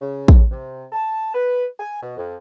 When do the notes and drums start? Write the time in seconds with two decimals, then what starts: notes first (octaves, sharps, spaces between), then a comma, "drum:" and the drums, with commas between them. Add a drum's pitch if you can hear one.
0.01 C#3
0.28 drum: kick A1
0.51 C3
0.92 A5
1.34 B4
1.80 G#5
2.02 B2
2.17 F2